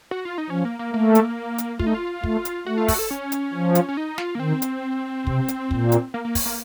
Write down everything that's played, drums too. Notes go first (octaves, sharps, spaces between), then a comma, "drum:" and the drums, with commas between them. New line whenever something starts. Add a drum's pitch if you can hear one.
F#4
F4
D#4
F3 C#4
A#3
A#3
A3 A#3
drum: hi-hat
drum: hi-hat
A3 F4, drum: kick
D#4
F4
A3, drum: kick
drum: hi-hat
A3 F#4
F4
F#4, drum: kick, open hi-hat
A4
C#4
drum: hi-hat
F3
drum: hi-hat
C#4
D#4
F4, drum: snare
A#3
D#3 C4
drum: hi-hat
C3, drum: kick
drum: hi-hat
A#2, drum: kick
drum: hi-hat
A#3
A#3
drum: kick, open hi-hat
A#3